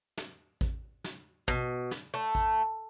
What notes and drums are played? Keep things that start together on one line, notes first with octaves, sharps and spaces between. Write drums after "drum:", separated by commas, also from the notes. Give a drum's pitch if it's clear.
drum: snare
drum: kick A1
drum: snare
B2, drum: kick A1
drum: snare
A3
drum: kick A1